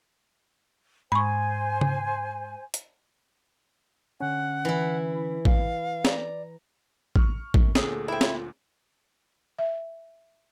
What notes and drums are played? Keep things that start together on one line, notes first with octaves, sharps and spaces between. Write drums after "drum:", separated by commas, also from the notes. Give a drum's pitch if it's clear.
G#2 C5 G#5 B5 C#6
drum: tom C#3
drum: hi-hat
D3 C#4 F#5
E3 E4
F5, drum: kick
D5 A#5, drum: snare
C#6 F6, drum: kick
F#2, drum: kick
D2 A#2 G#4 A4, drum: snare
C4 E4
F4, drum: snare
E5